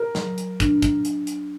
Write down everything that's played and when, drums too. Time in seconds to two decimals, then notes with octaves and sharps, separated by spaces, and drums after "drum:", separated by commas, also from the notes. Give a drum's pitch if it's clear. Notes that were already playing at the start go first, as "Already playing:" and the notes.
Already playing: A#4
0.15 F#3, drum: snare
0.38 drum: hi-hat
0.60 D4, drum: kick, hi-hat
0.82 drum: kick, hi-hat
1.05 drum: hi-hat
1.27 drum: hi-hat